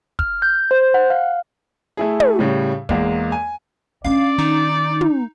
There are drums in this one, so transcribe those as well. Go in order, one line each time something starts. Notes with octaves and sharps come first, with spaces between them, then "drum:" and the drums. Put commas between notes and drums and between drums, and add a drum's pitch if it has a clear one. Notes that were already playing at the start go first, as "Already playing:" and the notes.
F6, drum: kick
G6
C5
F#5
F5
A3 E4 G#4
drum: tom
A2 C#3 G3
E2 G#3 A#3, drum: kick
G#5
C#4 D4 D5 F5
D#3 D#4
drum: tom